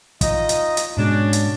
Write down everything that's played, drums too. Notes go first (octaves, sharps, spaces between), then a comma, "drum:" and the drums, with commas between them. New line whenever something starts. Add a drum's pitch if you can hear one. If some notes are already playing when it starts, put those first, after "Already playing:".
D#4 F4 D#5, drum: kick, hi-hat
drum: hi-hat
drum: hi-hat
G#2 B2 F#3 G#3 C#4 D4
drum: hi-hat